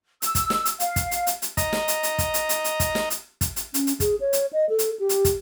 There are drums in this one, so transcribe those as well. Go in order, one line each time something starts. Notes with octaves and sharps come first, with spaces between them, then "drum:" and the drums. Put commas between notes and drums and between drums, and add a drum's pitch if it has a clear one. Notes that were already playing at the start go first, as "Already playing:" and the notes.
E6, drum: hi-hat
drum: kick, hi-hat
drum: snare
drum: hi-hat
F5, drum: hi-hat
drum: kick, hi-hat
drum: hi-hat
drum: hi-hat
drum: hi-hat
D#5 A#5, drum: kick, hi-hat
drum: snare
drum: hi-hat
drum: hi-hat
drum: kick, hi-hat
drum: hi-hat
drum: hi-hat
drum: hi-hat
drum: kick, hi-hat
drum: snare
drum: hi-hat
drum: kick, hi-hat
drum: hi-hat
C#4, drum: hi-hat
drum: hi-hat
G#4, drum: kick, hi-hat
C#5
drum: hi-hat
D#5
A4
drum: hi-hat
G4
drum: hi-hat
drum: kick, hi-hat